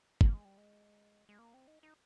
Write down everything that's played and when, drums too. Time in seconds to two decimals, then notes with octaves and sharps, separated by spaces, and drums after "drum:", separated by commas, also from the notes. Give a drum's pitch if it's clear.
0.21 A#3, drum: kick G1
0.34 G#3
0.45 G3
0.58 G#3
1.29 G#3
1.39 A#3
1.54 C4
1.67 D#4
1.83 D#4